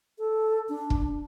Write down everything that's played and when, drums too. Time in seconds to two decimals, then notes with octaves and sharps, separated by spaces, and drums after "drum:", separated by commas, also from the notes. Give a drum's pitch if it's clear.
0.18 A4
0.69 D4
0.90 drum: kick